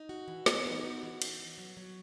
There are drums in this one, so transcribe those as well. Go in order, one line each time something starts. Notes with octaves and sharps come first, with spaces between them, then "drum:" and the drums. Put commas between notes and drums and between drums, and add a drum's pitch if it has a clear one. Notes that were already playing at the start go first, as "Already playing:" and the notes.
Already playing: D#4
F#4
E3
B3, drum: snare
D#4
F#4
E3
C#4, drum: cymbal
F#4
F#3
F#3